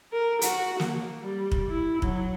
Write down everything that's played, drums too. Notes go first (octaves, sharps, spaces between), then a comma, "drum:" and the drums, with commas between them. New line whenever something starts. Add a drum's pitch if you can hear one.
A#4
F#4, drum: hi-hat
A#3, drum: snare
G3
drum: kick
E4
F#3, drum: kick